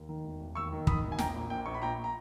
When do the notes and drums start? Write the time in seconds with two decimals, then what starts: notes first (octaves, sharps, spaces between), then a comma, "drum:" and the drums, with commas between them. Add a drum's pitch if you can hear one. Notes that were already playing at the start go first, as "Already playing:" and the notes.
Already playing: D#2
0.09 D#3
0.24 E1
0.40 E1
0.55 D#2 C#6 E6
0.72 D#3
0.87 D#3 B5 D#6, drum: kick
1.04 E1
1.12 G#5
1.19 A#1 G5 A#5, drum: snare
1.35 A#2
1.50 A#1 G5
1.66 A#1 C#6
1.74 B5
1.82 A#2 G5 A#5
2.04 A#5